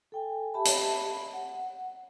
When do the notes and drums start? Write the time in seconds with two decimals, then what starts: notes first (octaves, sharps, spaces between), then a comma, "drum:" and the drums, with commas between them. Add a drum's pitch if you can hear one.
0.12 A4 G5 G#5
0.54 G4 E5 A5 B5
0.65 drum: hi-hat
1.34 F#5